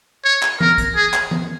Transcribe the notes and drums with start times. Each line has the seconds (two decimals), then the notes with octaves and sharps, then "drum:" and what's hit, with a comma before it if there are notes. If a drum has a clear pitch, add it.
0.24 C#5
0.42 drum: clap
0.60 A#4, drum: tom E3
0.78 drum: kick, hi-hat
0.96 G#4
1.13 drum: clap
1.31 drum: tom E3